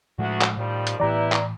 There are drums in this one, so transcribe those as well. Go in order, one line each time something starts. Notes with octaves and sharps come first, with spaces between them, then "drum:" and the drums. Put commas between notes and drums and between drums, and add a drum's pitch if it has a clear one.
D2 A2 F3 G#3 F#4
drum: clap
A2 D#3 F3 G3
drum: hi-hat
A2 E3 B3 E4 G4 D5 A#5
drum: clap